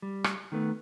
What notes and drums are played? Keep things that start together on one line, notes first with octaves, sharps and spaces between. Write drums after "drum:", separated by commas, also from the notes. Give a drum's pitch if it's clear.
G3
drum: rim click
D#3 A3 B3